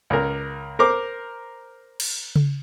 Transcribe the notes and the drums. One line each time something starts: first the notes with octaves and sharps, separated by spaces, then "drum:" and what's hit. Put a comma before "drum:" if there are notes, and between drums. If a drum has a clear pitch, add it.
C#2 A#4
A#4 C5 D6
drum: cymbal
drum: tom C#3